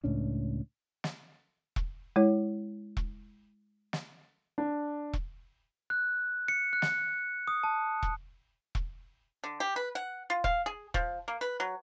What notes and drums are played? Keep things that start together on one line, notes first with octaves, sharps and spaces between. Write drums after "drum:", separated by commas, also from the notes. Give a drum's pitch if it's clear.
C#2 A2 C#4 D4
drum: snare
drum: kick E1
G#3 E4 C#5
drum: kick E1
drum: snare
D4
drum: kick E1
F#6
C#7
F#6
drum: snare
D#6
A5
drum: kick E1
drum: kick E1
D3
G4
B4
F#5
F4
F5, drum: kick E1
G#4
F3, drum: kick E1
A#3
B4
F#3